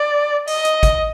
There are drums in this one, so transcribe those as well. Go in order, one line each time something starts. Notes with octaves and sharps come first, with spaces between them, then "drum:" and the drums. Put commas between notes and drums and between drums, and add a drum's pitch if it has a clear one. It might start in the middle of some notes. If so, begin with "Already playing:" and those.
Already playing: D5
D#5, drum: open hi-hat
drum: hi-hat
drum: kick G1, hi-hat